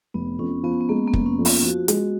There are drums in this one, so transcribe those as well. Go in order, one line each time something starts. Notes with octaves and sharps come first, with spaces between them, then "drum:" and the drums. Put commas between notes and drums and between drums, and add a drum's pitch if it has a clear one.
F1 B3
F2 C#4
F3 B3
B3
G#3 A#3
A#3
F1, drum: kick
C#4
F2
F4, drum: open hi-hat
F3 F#4
G#3 F#4, drum: hi-hat